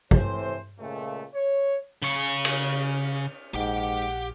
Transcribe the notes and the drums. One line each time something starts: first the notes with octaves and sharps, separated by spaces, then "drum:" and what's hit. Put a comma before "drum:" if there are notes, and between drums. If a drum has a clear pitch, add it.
A2 C3 E3 C5, drum: kick
C#2 A#2 A3
C#5
C#3 C#5
drum: cymbal
A#1 G#2 G4 F#5 G5